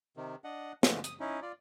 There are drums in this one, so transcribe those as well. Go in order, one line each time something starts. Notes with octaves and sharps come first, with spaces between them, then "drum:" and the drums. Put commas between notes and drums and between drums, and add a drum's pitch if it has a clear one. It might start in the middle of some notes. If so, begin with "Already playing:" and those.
C3 D#3
D4 D#5 F#5
D3 E3 F3 G#3 A3, drum: snare
D#6, drum: hi-hat
C#4 D#4 E4
F4 D5